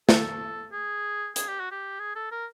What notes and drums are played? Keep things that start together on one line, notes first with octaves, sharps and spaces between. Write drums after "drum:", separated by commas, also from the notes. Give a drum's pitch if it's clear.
A4, drum: snare
G#4
G#4, drum: hi-hat
G4
F#4
G4
G#4
A4
A#4